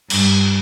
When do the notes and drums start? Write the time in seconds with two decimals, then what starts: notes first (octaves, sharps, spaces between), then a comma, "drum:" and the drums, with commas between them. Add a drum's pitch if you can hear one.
0.10 G2, drum: cymbal